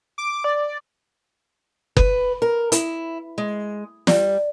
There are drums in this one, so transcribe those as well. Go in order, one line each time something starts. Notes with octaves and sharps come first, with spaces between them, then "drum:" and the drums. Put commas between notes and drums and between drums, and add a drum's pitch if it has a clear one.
D6
D5
B4, drum: kick F#1
A#4
E4, drum: hi-hat
G#3
G3, drum: snare